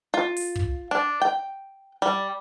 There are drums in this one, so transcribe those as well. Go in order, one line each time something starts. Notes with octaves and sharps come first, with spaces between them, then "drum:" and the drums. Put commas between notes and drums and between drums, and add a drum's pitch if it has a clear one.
F4
drum: open hi-hat
drum: kick
D4
G5
G3